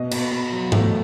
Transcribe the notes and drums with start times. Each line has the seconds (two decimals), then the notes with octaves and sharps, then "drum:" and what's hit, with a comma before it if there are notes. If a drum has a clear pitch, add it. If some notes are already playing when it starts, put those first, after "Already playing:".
Already playing: B2 D#5
0.11 B2, drum: cymbal
0.31 B2
0.52 F#3
0.72 A3, drum: tom G#2